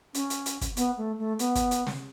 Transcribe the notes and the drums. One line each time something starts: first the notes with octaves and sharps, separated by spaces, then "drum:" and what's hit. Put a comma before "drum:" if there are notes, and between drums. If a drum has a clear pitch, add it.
C#4, drum: hi-hat
drum: hi-hat
drum: hi-hat
drum: kick, hi-hat
B3, drum: hi-hat
A3
A3
B3, drum: hi-hat
drum: kick, hi-hat
drum: hi-hat
drum: snare